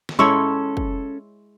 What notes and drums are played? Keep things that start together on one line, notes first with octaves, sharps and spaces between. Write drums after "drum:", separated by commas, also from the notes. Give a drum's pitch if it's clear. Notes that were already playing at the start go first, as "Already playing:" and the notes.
drum: snare
G#3 C#4 E4 A4 C#5 C6 C#6 E6
drum: kick